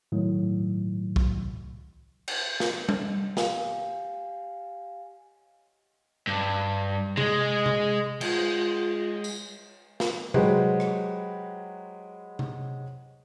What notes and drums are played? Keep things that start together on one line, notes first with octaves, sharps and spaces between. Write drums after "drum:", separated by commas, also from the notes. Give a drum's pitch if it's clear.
A2 D#3 F#3
drum: kick
drum: cymbal
drum: snare
drum: tom G3
G4 F5 G#5, drum: snare
G2
G#3, drum: tom C3
drum: tom C3
G#3 F4, drum: cymbal
drum: tambourine
drum: snare
F#3 G#3 G4 B4 C5, drum: tom C3
drum: rim click
drum: tom C3